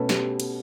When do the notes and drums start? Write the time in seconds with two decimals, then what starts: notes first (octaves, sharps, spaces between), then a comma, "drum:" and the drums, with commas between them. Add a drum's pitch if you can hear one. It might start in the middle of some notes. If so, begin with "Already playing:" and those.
Already playing: B2 A3 C#4 A4 B4
0.09 G4, drum: snare
0.40 drum: cymbal